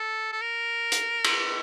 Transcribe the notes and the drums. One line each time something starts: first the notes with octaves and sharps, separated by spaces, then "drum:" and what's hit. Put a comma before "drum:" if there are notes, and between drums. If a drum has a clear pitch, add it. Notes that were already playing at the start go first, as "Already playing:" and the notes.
Already playing: A4
A4
A#4
drum: hi-hat
drum: cymbal